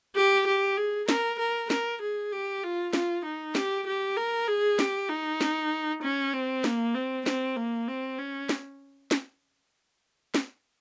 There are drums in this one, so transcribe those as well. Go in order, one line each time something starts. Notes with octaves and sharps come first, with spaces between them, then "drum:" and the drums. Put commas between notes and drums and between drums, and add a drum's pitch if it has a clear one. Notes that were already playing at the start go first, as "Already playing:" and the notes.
G4
G4
G#4
A#4, drum: snare
A#4
A#4, drum: snare
G#4
G4
F4
F4, drum: snare
D#4
G4, drum: snare
G4
A#4
G#4
G4, drum: snare
D#4
drum: snare
C#4
C4
A#3, drum: snare
C4
C4, drum: snare
A#3
C4
C#4
drum: snare
drum: snare
drum: snare